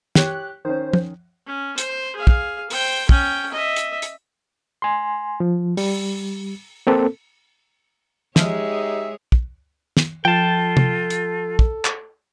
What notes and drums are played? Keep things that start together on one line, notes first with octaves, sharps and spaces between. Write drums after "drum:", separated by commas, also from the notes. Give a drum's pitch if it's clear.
G4 C#5 F#6, drum: snare
D#3 C#4 C5
drum: tom
C#4
C5, drum: hi-hat
G#4 F5
drum: kick
C5 G5, drum: open hi-hat
C#4 G5, drum: kick
D#5 E5
drum: hi-hat
drum: hi-hat
G#5 C6
F3
G3, drum: open hi-hat
A#3 C4 A4
F3 G#3 D#4 G4 G#4 C#5 E5 F6, drum: snare
drum: kick
drum: snare
F3 F4 A4 G5 A5
drum: tom C3
drum: hi-hat
drum: kick
drum: clap